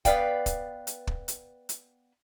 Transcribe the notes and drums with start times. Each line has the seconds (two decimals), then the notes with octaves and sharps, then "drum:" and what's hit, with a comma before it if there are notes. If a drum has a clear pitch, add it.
0.05 B3 B4 D5 F5 G5, drum: kick, hi-hat
0.46 drum: kick, hi-hat
0.87 drum: hi-hat
1.07 drum: kick
1.28 drum: hi-hat
1.69 drum: hi-hat